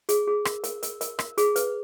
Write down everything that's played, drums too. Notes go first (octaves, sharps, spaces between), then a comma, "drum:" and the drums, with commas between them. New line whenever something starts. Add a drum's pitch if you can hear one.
G#4, drum: hi-hat
G#4
A#4, drum: rim click
A#4, drum: hi-hat
A#4, drum: hi-hat
A#4, drum: hi-hat
A#4, drum: rim click
G#4, drum: hi-hat
B4, drum: hi-hat